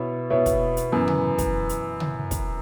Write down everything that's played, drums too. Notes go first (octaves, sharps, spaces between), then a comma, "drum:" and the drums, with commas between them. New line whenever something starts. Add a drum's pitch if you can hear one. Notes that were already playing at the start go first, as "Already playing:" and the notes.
Already playing: B2 B3 E4 C#5 E5
B2 B3 E4 C#5 E5
drum: kick, hi-hat
drum: hi-hat
F#2 E3 B3
drum: tom
drum: kick, hi-hat
drum: hi-hat
drum: tom
drum: kick, hi-hat